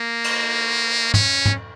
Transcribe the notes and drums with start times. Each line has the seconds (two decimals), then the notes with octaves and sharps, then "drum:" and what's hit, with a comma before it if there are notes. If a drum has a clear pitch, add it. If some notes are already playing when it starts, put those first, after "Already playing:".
Already playing: A#3
0.24 drum: cymbal
1.14 C#4, drum: tom
1.45 drum: tom